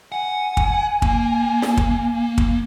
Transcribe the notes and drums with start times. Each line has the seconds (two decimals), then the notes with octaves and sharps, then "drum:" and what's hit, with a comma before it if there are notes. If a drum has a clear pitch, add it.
0.12 F#5 G#5
0.57 drum: kick
1.02 A#3, drum: kick
1.62 drum: snare
1.77 drum: kick
2.38 drum: kick